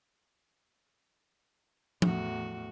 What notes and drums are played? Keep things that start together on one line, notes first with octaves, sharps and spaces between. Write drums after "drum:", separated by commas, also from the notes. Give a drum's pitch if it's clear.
E2 A2 F#4, drum: tom F3